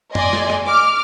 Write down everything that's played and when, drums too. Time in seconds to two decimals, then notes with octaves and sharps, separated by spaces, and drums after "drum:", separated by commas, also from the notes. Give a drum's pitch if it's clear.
0.15 D5 D#5 G#5 C6, drum: tom F#2
0.33 drum: snare
0.50 drum: snare
0.67 D6 F6